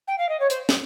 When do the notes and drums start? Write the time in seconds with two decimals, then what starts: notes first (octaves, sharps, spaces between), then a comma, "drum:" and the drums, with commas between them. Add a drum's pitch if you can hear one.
0.08 G5
0.18 F5
0.29 D#5
0.40 C#5
0.50 C5, drum: hi-hat
0.69 drum: snare